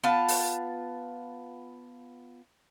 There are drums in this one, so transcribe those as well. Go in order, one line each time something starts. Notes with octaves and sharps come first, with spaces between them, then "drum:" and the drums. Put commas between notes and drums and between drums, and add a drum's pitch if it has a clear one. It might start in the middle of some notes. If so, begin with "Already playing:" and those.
B3 F4 A5
drum: open hi-hat